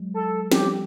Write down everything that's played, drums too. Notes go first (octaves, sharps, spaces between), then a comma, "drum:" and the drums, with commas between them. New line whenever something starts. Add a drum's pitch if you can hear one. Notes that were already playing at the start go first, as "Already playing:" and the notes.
Already playing: F#3 G#3
A4
F3 G3 G4, drum: snare